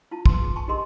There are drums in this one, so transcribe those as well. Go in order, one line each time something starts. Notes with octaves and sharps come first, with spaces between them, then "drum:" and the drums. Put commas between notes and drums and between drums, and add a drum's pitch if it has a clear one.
E4 F4 A5
B4 C6, drum: kick
G#4
G#5 A5 C#6
D#4 G4 G#4 A#4 D#5 C6